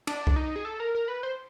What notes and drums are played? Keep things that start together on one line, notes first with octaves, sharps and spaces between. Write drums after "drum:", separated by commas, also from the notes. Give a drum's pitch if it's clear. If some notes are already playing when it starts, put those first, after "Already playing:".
D4, drum: cymbal
drum: kick C2
D#4
G#4
A4
A#4
A#4
B4
C5